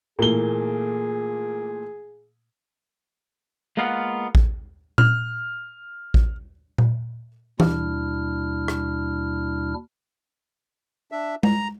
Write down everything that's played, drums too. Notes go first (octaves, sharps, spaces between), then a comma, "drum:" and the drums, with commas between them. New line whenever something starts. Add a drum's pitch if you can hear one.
A#2 E3 A3 A#3 G#4 G7
G#3 A#3 B3 F4 F5 F#5
drum: kick A1
F6, drum: tom A#2
drum: kick A1
drum: tom A#2
D#2 B2 G3 D4 E4 F6, drum: tom E3
drum: rim click
D4 E5
A#5, drum: tom G#3